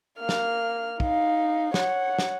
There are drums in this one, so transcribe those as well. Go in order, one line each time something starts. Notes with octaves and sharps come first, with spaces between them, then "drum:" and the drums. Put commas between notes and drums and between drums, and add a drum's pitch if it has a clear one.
A#3 F6
drum: snare
D#4 F5, drum: kick
C#5 F#5, drum: snare
drum: snare